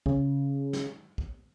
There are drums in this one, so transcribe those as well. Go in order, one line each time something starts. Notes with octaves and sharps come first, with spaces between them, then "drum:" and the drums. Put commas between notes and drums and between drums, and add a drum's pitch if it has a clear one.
C#3, drum: kick
drum: snare
drum: kick